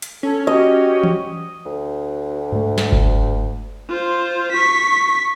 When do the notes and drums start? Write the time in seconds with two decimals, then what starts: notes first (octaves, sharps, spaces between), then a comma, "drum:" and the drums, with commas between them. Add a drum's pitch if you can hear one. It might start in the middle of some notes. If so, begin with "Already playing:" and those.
0.02 drum: hi-hat
0.23 C#4 A4
0.47 F#4 G4 D#5
1.04 drum: tom E3
1.65 D2
2.52 G#2 A3
2.78 drum: snare
2.92 drum: kick G1
3.89 F4 C5
4.52 C#6 B6